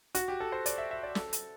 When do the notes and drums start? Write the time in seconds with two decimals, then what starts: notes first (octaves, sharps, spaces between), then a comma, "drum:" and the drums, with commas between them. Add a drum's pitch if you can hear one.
0.15 F#4, drum: hi-hat
0.28 G4
0.40 A4
0.52 C5
0.66 D5, drum: hi-hat
0.78 E5
0.91 E5
1.03 D5
1.15 A4, drum: snare
1.33 drum: hi-hat